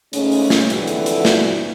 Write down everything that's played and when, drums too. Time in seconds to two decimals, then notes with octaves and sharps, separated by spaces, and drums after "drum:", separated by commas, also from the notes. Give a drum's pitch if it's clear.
0.13 G#2 C#3 G#3 A3 C#4, drum: hi-hat
0.32 drum: open hi-hat
0.50 drum: snare
0.70 F2 G#2 D3 E3 E4 F#4, drum: hi-hat
0.88 drum: hi-hat
1.06 drum: hi-hat
1.25 drum: snare